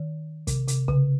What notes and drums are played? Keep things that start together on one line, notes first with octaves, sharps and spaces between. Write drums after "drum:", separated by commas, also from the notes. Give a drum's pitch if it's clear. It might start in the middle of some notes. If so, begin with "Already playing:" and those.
Already playing: D#3
C3, drum: kick, hi-hat
C3, drum: hi-hat
C#3, drum: kick